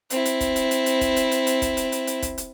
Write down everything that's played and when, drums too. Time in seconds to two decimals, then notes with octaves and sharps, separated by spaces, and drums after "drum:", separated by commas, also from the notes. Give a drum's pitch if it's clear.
0.10 C4 E4, drum: hi-hat
0.25 drum: hi-hat
0.41 drum: kick, hi-hat
0.56 drum: hi-hat
0.71 drum: hi-hat
0.86 drum: hi-hat
1.01 drum: kick, hi-hat
1.16 drum: hi-hat
1.32 drum: hi-hat
1.47 drum: hi-hat
1.62 drum: kick, hi-hat
1.77 drum: hi-hat
1.92 drum: hi-hat
2.07 drum: hi-hat
2.22 drum: kick, hi-hat
2.38 drum: hi-hat